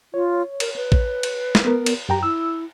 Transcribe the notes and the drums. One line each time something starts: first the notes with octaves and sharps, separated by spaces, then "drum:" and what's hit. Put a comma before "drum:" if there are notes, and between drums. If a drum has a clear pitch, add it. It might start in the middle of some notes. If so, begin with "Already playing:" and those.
F4 C#5
A#4, drum: cymbal
B4
drum: kick
drum: cymbal
drum: snare
B3 A#4
drum: cymbal
F#2 G4 G5 A#5
E4 E6